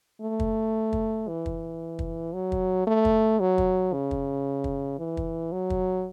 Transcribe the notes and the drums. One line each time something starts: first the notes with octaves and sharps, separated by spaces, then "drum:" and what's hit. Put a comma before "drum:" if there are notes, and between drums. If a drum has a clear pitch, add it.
A3
drum: kick
drum: kick
E3
drum: kick
drum: kick
F#3
drum: kick
A3
drum: kick
F#3
drum: kick
C#3
drum: kick
drum: kick
E3
drum: kick
F#3
drum: kick